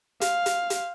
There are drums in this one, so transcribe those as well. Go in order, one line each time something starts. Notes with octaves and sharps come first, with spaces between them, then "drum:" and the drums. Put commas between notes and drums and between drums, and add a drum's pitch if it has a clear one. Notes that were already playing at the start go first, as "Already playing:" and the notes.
F5, drum: hi-hat
drum: hi-hat
drum: hi-hat